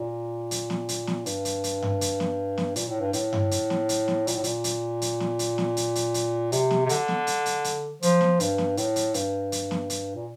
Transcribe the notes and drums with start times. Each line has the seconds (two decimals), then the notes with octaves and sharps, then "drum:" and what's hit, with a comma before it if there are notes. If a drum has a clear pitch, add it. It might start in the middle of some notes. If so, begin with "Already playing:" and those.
Already playing: A#2
0.51 drum: hi-hat
0.70 drum: snare
0.89 drum: hi-hat
1.07 drum: snare
1.26 G2, drum: hi-hat
1.45 drum: hi-hat
1.64 drum: hi-hat
1.82 drum: tom G2
2.01 drum: hi-hat
2.20 drum: snare
2.58 drum: snare
2.76 A#2, drum: hi-hat
2.88 A2
3.01 G2
3.13 A2, drum: hi-hat
3.33 drum: tom G2
3.51 drum: hi-hat
3.70 drum: snare
3.89 drum: hi-hat
4.08 drum: snare
4.27 A#2, drum: hi-hat
4.36 A2
4.44 A#2, drum: hi-hat
4.64 drum: hi-hat
5.02 drum: hi-hat
5.20 drum: snare
5.39 drum: hi-hat
5.58 drum: snare
5.77 drum: hi-hat
5.95 drum: hi-hat
6.14 drum: hi-hat
6.52 C3, drum: hi-hat
6.71 drum: snare
6.85 C3
6.89 D3, drum: hi-hat
7.08 drum: snare
7.27 drum: hi-hat
7.46 drum: hi-hat
7.64 drum: hi-hat
8.02 F3, drum: hi-hat
8.21 drum: snare
8.40 G2, drum: hi-hat
8.58 drum: snare
8.77 A2, drum: hi-hat
8.96 drum: hi-hat
9.14 G2, drum: hi-hat
9.52 drum: hi-hat
9.71 drum: snare
9.90 drum: hi-hat
10.16 A#2